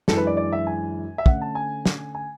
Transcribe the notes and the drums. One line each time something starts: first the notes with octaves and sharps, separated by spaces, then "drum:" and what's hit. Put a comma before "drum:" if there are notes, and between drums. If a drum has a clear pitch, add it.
F#2 E3 G#3 D4 A4, drum: snare
B4
D5
D5
E5
G#5
E5
D3 A3 C#4 F#5, drum: kick
A5
G#5
drum: snare
G#5